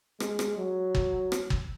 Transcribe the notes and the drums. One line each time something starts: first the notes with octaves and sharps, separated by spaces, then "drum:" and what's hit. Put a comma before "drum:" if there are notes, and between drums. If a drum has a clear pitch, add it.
G#3, drum: rim click
drum: rim click
F#3
drum: kick
drum: rim click
drum: kick